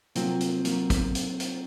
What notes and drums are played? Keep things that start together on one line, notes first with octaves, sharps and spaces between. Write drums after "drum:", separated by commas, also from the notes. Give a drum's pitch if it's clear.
C3 F3 F#3 A#3 C4, drum: hi-hat
drum: hi-hat
F#3 A#3, drum: hi-hat
drum: kick, hi-hat
drum: hi-hat
drum: hi-hat